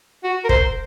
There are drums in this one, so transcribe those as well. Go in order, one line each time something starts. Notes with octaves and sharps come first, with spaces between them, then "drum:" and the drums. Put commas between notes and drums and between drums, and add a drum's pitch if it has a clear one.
F#4
A#4
C5, drum: kick